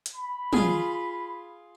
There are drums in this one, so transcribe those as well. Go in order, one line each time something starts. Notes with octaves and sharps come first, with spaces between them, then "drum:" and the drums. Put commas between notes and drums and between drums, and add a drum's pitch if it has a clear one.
drum: hi-hat
B5
F4 G#4, drum: tom